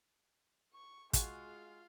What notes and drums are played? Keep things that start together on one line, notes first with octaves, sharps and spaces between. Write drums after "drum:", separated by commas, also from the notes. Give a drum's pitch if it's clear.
C#6
G#3 F4 F#4 G#4 F5, drum: kick, hi-hat